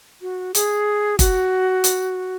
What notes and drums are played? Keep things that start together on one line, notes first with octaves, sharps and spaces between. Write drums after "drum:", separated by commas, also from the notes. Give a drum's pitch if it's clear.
F#4
G#4, drum: hi-hat
F#4, drum: kick, hi-hat
drum: hi-hat